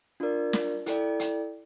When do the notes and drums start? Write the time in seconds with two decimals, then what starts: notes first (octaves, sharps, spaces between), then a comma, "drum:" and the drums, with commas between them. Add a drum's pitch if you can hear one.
0.20 D4 F4 A#4 D5
0.53 drum: snare
0.86 E4 A4 D5 G5, drum: hi-hat
1.20 drum: hi-hat